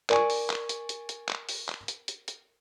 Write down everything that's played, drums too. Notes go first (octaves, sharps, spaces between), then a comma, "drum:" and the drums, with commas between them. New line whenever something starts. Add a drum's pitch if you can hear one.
A#4 D5 G#5 C#6, drum: clap
drum: open hi-hat
drum: clap
drum: hi-hat
drum: hi-hat
drum: hi-hat
drum: clap
drum: open hi-hat
drum: clap
drum: hi-hat
drum: hi-hat
drum: hi-hat